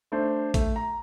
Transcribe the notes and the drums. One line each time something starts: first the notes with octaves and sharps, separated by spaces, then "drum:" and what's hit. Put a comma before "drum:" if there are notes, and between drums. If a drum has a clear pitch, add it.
A3 D4 C5
A3, drum: kick, hi-hat
A#5